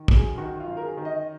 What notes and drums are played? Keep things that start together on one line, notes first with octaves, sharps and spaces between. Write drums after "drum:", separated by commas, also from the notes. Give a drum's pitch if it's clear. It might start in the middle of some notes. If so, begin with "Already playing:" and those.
Already playing: D#3
F#2, drum: kick
G#4
D#3 F#4
F4
F#2
A#4
G#4
D#3
D#5